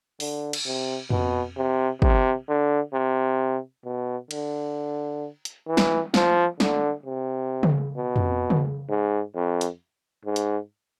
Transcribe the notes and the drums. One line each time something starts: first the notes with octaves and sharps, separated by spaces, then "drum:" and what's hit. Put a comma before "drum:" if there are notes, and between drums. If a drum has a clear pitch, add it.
D3, drum: open hi-hat
drum: cymbal
C3
B2, drum: tom F2
C3
C3, drum: kick
D3
C3
B2
D3, drum: cymbal
drum: hi-hat
E3
drum: snare
F3, drum: snare
D3, drum: snare
C3
drum: tom C#3
B2
drum: tom F2
drum: tom C#3
G#2
F2
drum: hi-hat
G#2
drum: hi-hat